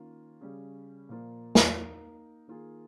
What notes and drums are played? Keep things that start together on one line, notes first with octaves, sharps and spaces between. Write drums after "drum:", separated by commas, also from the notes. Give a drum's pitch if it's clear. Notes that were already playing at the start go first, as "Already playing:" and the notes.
Already playing: D#3 A#3 C#4 F4
C#3 G3 C#4 G#4
A#2 F3 A#3 F4 A#4
drum: snare
A#3 D#4 A#4
D#3 A#3 F4 G#4